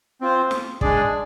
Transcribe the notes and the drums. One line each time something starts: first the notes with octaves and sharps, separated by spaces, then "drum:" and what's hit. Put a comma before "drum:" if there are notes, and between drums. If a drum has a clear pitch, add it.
C4 F4 C5
drum: snare
G#3 D4 G#4 D5, drum: kick